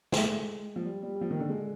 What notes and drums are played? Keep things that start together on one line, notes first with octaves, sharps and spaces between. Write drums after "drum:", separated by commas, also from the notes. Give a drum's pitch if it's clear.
G#3, drum: snare
F3
G3
G3
G3
F3
D#3
D3
G#3